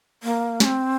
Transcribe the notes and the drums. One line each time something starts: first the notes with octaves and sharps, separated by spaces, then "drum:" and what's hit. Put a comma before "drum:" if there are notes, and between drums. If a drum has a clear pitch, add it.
A#3
C#4, drum: snare
C4